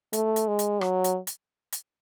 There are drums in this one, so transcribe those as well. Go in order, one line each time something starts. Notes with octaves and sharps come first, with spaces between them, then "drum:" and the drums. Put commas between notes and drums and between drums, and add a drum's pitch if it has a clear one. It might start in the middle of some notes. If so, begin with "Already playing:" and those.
A3, drum: hi-hat
drum: hi-hat
G#3
drum: hi-hat
F#3, drum: rim click
drum: hi-hat
drum: hi-hat
drum: hi-hat